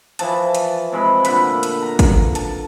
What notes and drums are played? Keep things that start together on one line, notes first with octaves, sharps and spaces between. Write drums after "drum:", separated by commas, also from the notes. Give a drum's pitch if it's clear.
E3 F3 A5, drum: hi-hat
drum: hi-hat
C3 G#3 B5
A#2 D3 F#5 B5, drum: hi-hat
drum: hi-hat
A#5
drum: kick, hi-hat
A5, drum: hi-hat